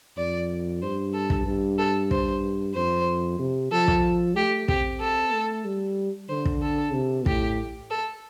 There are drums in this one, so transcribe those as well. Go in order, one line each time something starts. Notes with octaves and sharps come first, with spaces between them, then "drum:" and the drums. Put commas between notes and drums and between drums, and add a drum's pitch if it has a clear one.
F2 D5
G2 C5
A4
drum: kick
G2
A4
C5, drum: kick
F2 C5
C3
F3 A4
drum: kick
A3 G4
C4 G4, drum: kick
A4
A3
G3
D3 C5
drum: kick
A4
C3
A2 G4, drum: kick
A4